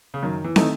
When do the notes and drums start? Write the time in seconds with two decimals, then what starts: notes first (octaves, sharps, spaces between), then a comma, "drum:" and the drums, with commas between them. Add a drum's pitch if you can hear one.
0.14 C#3
0.23 F#2 D#3
0.44 E3
0.56 D#3 A3 D#4, drum: snare